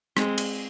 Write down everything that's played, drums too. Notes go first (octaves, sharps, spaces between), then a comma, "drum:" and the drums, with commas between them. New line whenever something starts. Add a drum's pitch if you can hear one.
G#3 C4, drum: rim click
drum: cymbal